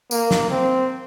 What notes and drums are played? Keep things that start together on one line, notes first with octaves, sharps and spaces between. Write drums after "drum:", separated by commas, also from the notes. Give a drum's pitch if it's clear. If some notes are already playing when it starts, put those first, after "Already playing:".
A#3, drum: tambourine
drum: snare
C4